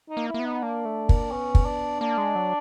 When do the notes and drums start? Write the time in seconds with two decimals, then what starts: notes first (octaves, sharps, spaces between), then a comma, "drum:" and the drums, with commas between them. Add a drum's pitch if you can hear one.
0.10 D#4
0.17 A#3
0.28 E4
0.34 A#3
0.39 B3
0.45 D#4
0.63 A#3 D4
0.85 A3
1.09 A#3, drum: kick
1.31 B3 C#4
1.55 drum: kick
1.66 D4
2.00 A#3 D4
2.17 G#3
2.35 F#3